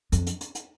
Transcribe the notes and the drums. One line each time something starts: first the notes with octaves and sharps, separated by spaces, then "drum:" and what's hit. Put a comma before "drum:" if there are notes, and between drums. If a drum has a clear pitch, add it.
F2, drum: hi-hat
drum: hi-hat
drum: hi-hat
drum: hi-hat